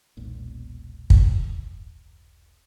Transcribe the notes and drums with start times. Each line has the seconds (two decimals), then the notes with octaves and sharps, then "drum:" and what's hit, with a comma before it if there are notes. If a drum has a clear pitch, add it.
0.17 E1 B1 A#2
1.10 drum: kick